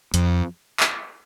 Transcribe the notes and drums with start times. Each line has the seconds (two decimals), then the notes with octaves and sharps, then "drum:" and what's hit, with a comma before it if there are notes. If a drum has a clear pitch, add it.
0.14 F2, drum: hi-hat
0.80 drum: clap